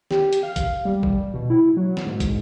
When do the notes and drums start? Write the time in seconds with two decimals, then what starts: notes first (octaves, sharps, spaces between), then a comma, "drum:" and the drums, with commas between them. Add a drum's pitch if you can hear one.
0.11 G4, drum: snare
0.33 drum: hi-hat
0.43 F5
0.56 drum: kick, hi-hat
0.85 G3
1.03 drum: kick
1.34 B2
1.50 E4
1.77 F#3
1.97 drum: snare
2.06 G#2
2.20 drum: kick, hi-hat